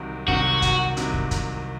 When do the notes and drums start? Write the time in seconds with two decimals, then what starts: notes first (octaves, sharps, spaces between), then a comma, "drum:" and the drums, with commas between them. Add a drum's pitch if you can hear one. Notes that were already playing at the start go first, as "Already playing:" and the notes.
Already playing: C2 C3 D#3 F#3
0.28 C2 C3 D#3 F#3 F#4, drum: kick
0.62 drum: kick, hi-hat
0.97 C2 C3 D#3 F#3, drum: hi-hat
1.14 drum: kick
1.31 drum: kick, hi-hat